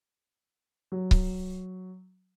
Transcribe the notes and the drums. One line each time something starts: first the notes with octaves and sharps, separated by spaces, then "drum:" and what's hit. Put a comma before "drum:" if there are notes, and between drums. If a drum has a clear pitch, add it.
F#3
drum: kick C#1